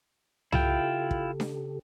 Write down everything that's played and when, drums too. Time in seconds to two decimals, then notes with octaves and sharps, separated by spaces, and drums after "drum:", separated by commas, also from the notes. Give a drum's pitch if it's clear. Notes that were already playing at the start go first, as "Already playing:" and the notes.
0.52 C#3 E4 F4 G4 A4 G5, drum: tom C2
1.11 drum: kick
1.40 drum: snare D4